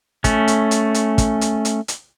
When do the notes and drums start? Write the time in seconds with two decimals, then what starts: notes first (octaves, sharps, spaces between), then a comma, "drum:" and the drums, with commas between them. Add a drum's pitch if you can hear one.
0.24 A3 C#4, drum: kick, hi-hat
0.48 drum: hi-hat
0.71 drum: hi-hat
0.94 drum: hi-hat
1.18 drum: kick, hi-hat
1.41 drum: hi-hat
1.65 drum: hi-hat
1.88 drum: hi-hat